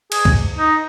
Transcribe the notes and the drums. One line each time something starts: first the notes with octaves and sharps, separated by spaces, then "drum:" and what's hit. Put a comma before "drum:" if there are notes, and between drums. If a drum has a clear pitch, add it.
G#4, drum: cymbal
drum: kick
D#4